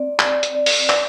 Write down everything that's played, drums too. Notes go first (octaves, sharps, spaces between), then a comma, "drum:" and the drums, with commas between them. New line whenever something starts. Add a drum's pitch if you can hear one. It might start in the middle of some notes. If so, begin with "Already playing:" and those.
Already playing: C4 D5
D5, drum: clap
drum: hi-hat
D5
drum: open hi-hat
D5, drum: clap